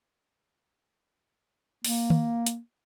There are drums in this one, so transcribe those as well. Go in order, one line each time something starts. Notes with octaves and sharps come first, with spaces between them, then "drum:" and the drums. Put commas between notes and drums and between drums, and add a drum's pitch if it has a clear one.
A#3, drum: open hi-hat
drum: tom D#3
drum: hi-hat